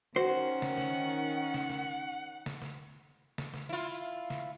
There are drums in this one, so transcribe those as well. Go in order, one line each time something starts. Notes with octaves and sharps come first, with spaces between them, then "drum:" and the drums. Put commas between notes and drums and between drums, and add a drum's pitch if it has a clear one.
D#3 C#4 F#4 C5 F#5
drum: snare
drum: snare
drum: snare
drum: snare
drum: snare
drum: snare
drum: snare
drum: snare
E4 F4
drum: snare